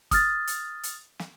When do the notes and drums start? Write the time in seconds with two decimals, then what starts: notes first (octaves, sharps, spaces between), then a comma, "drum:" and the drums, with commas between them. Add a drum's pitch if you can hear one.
0.11 D#6 F6 A6, drum: kick, hi-hat
0.47 drum: hi-hat
0.83 drum: hi-hat
1.19 drum: snare